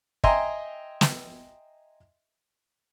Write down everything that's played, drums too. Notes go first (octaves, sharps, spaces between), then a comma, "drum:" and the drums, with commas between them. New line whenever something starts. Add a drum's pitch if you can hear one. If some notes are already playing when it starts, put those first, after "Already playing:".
D#5 E5 G5 G#5 A#5 C6, drum: kick
drum: snare